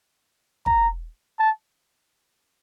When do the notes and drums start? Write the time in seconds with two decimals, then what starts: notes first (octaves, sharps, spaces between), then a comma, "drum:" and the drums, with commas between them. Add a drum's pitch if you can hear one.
0.66 A#5, drum: kick
1.39 A5